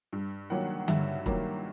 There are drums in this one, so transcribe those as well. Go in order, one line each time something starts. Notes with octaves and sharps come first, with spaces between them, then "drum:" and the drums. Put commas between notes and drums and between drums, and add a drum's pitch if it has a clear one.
G2
D#3 F#3 A#3 F#5
G2 E5, drum: tom D3
D#3 F#3 A#3, drum: kick